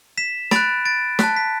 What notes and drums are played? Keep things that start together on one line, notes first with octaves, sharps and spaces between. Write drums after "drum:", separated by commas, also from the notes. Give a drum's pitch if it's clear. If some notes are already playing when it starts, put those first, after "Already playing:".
B6 E7
B5 F#6 A6 D7, drum: snare
A6 D7
A5 F#6 B6, drum: snare
B6